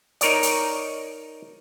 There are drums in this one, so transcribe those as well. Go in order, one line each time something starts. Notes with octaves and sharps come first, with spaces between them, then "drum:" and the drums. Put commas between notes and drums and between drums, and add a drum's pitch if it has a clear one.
D#4 A#4 C#5 D5, drum: hi-hat
drum: hi-hat